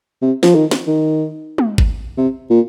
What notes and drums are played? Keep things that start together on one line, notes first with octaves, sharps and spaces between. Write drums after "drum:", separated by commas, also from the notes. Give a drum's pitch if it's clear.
C3
F3, drum: snare
D#3
drum: snare
D#3
drum: tom
drum: kick G1
C3
A#2